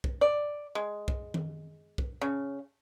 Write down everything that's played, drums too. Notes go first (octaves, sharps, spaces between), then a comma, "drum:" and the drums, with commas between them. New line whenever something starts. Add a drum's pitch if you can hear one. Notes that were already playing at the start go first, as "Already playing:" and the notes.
drum: kick B1
D5
G#3
drum: kick B1
drum: tom D#3
drum: kick B1
C#3